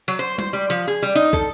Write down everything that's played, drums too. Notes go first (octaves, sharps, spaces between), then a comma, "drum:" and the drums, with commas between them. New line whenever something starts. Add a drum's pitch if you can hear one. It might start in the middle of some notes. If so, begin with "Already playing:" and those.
F#3
C5
C5, drum: tom G3
G3
F3
G#4
G3
D#4
A4, drum: kick